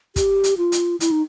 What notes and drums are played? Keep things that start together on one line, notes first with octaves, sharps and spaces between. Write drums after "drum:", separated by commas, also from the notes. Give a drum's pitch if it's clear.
G4, drum: kick, hi-hat
drum: hi-hat
F4
drum: hi-hat
E4, drum: hi-hat
D#4